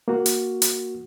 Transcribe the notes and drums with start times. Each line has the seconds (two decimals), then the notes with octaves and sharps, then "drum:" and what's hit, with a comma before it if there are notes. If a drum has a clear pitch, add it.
0.08 A#3 F#4
0.26 drum: hi-hat
0.62 drum: hi-hat